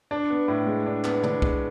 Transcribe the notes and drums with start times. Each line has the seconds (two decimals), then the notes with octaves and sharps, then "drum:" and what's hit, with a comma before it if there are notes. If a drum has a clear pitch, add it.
0.11 D4
0.30 B3
0.48 A2
0.66 G#3
0.86 D4
1.04 B3, drum: clap
1.23 D4, drum: tom
1.42 G#3, drum: kick